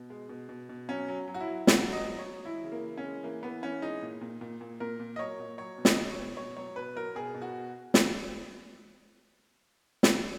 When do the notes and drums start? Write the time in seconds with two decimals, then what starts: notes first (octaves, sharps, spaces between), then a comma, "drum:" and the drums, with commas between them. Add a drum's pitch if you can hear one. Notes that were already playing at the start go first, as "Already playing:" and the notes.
Already playing: B2
0.10 G#3
0.29 B2
0.49 B2
0.69 B2
0.89 F#3 C#4
1.08 F#3
1.28 F#3
1.34 F#4
1.40 E4
1.47 F#3
1.67 F#3 F#4, drum: snare
1.86 F#3
1.93 D#5
2.05 F#3
2.19 C#5
2.25 F#3
2.45 E3 E4
2.64 C#3
2.72 A#3
2.84 E3
2.97 C#4
3.04 G#3
3.23 E3 A#3
3.43 E3 B3
3.62 E3 C#4
3.82 G#3 D#4
4.02 A#2
4.21 A#2
4.41 A#2
4.61 A#2
4.80 A#2 A#4
5.00 A#2
5.16 D#5
5.19 F#3 C#5
5.39 A#2
5.58 F#3 C#5
5.78 B2
5.85 D#5, drum: snare
5.97 F#3
6.11 C#5
6.18 B2
6.37 B2 C#5
6.57 F#3 C#5
6.76 B2 B4
6.95 F#3 A#4
7.15 B2 G#4
7.35 B2
7.42 F#4
7.94 drum: snare
10.03 drum: snare